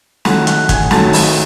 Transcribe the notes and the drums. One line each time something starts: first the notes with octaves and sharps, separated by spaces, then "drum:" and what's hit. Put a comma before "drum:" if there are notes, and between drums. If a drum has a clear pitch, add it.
D#3 F#3 A3 F#5 F#6, drum: snare
F#5 F#6, drum: hi-hat
G#5 G#6, drum: kick, hi-hat
D#3 F#3 A3 A5 A6, drum: snare
drum: open hi-hat